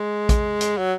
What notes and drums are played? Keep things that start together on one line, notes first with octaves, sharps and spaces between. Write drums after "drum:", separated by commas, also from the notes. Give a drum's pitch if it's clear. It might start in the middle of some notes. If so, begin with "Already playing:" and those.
Already playing: G#3
drum: kick A#1, hi-hat
drum: hi-hat
F#3